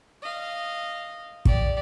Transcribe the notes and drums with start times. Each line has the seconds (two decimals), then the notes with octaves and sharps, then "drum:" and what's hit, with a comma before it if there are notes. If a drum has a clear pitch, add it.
0.22 D#5 F5
1.45 G4 D5, drum: kick